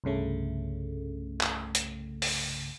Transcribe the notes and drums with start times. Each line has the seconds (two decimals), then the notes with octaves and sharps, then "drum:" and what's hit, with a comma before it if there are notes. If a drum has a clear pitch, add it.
0.04 C2 G2 C#3 A3
1.41 drum: clap
1.75 drum: hi-hat
2.22 drum: open hi-hat